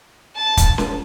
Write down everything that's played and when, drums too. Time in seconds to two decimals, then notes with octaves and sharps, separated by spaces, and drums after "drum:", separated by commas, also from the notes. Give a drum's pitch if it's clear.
0.37 A5
0.57 drum: kick, hi-hat
0.78 drum: snare C#4